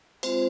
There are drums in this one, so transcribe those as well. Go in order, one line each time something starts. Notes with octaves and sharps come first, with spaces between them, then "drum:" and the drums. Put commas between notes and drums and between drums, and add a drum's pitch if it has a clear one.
G#3 C4 F4 C5, drum: cymbal